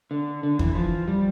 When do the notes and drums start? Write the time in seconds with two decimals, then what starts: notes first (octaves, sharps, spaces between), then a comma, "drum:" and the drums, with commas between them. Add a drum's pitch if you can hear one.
0.11 D3
0.43 D3
0.59 E3, drum: kick E2
0.75 F3
1.08 G3